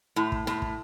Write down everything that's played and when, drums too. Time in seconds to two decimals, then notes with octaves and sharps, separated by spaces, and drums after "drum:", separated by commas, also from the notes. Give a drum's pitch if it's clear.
0.16 A2
0.32 drum: kick
0.47 A2, drum: snare
0.62 drum: kick